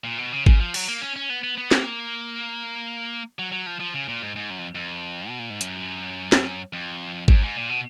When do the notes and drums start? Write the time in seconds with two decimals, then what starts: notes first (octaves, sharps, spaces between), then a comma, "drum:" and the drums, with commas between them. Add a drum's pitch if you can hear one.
0.04 A#2
0.18 B2
0.32 C#3
0.46 C#3, drum: kick G#1
0.60 F3
0.74 F#3, drum: cymbal
0.88 A#3
1.01 C#4
1.16 C#4
1.30 B3
1.43 B3
1.57 B3
1.71 A#3, drum: snare
3.39 F#3
3.52 F#3
3.66 F3
3.80 F3
3.94 C#3
4.08 A#2
4.22 G#2
4.36 G#2
4.50 F#2
4.59 F2
4.75 F2
5.28 B2
5.39 A#2
5.50 G#2
5.61 F#2, drum: hi-hat
6.32 drum: snare
6.73 F2
7.28 F#2, drum: kick G#1
7.43 G#2
7.56 A#2
7.69 B2